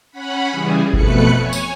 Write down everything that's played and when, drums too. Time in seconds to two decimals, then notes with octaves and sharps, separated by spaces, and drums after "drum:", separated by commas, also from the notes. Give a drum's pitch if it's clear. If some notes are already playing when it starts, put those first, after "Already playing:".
0.11 C#4 F#5 B5
0.51 C#3 E3 G3 G#4
0.93 F2 B2 A3 B4 F#6 C#7, drum: kick G1
1.39 C#5 G#5
1.53 drum: tambourine